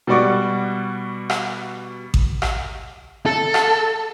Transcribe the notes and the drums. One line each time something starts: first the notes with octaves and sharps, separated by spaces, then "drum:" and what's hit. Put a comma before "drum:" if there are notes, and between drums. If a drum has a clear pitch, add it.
B2 G3 F#4 D5 C#6 D6
drum: rim click
drum: kick A1
drum: rim click
A4
drum: rim click